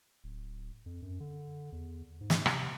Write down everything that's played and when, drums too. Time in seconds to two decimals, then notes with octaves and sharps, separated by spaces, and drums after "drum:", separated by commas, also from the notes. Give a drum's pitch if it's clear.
0.24 D1
0.86 F2
1.02 F#2
1.20 D3
1.72 E2
2.21 G#2
2.30 drum: snare
2.46 C3, drum: rim click